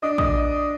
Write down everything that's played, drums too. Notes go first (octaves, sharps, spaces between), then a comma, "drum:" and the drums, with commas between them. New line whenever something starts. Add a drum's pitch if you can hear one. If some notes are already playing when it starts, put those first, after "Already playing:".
D4 D#5 D#6
D#5 D#6, drum: kick A#1